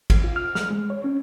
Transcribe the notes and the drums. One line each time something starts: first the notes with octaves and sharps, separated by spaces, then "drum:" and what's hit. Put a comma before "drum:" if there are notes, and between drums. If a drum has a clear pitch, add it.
drum: kick, cymbal
F4
F6
F6, drum: snare
G#3
C#5
C#4